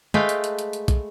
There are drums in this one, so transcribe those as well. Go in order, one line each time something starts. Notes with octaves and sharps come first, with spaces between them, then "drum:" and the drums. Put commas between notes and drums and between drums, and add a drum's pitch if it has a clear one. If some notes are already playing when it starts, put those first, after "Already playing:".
G#3 A3 B4 F5 G5, drum: tom
drum: hi-hat
drum: hi-hat
drum: hi-hat
drum: hi-hat
drum: kick, hi-hat